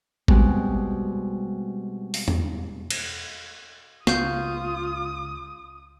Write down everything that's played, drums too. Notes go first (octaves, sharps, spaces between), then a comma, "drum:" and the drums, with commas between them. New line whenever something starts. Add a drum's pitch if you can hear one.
B2 G3 G#3 C4, drum: kick A1
drum: open hi-hat
drum: tom E2
drum: cymbal
C#2 F4 F5 C#6 D#6 G6, drum: snare